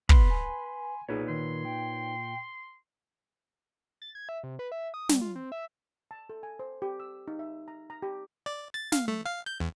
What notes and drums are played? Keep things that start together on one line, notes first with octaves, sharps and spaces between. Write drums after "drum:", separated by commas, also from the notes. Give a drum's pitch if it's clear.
B3 B4 B5 C6, drum: kick
G#5
A#2 D#4 G#4 B4 C#5
D#3 C6
G5
A6
G#6
E5
C3
B4
E5
D#6
G3, drum: snare
F4
C4
E5
A5
A4
G#5
C5
G4
E6
D#4
E5
A#5
A#5
G4
D5
A6
F5, drum: snare
A3
F5
G6
E2